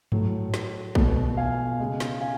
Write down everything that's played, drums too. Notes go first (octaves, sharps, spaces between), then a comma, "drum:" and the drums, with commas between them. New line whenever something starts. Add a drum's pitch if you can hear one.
A2 F#3 A3, drum: tom G2
drum: snare
B2 A3, drum: kick
F5 G#5
C#3 G#3
drum: snare
F5 G#5